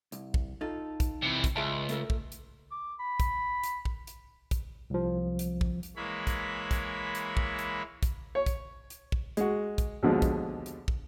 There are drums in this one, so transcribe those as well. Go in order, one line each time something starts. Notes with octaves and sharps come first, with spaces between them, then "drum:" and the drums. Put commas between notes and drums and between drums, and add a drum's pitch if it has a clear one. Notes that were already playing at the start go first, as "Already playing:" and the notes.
C2, drum: hi-hat
drum: kick
D#4 F4 A4
drum: kick, hi-hat
C3 E3
drum: kick, hi-hat
C#2 G#4 E5 A5
A3 A4 A#4, drum: hi-hat
drum: kick
drum: hi-hat
D6
B5
drum: kick, hi-hat
drum: hi-hat
drum: kick
drum: hi-hat
drum: kick, hi-hat
C2 F3
drum: hi-hat
drum: kick
drum: hi-hat
E3 G#3 A#3 E4 C#5 B5
drum: kick, hi-hat
drum: kick, hi-hat
drum: hi-hat
drum: kick
drum: hi-hat
drum: kick, hi-hat
C#5
drum: kick, hi-hat
drum: hi-hat
drum: kick
G#3 F#4, drum: hi-hat
drum: kick, hi-hat
D#2 B2 D3 F3 G#3
drum: kick, hi-hat
drum: hi-hat
drum: kick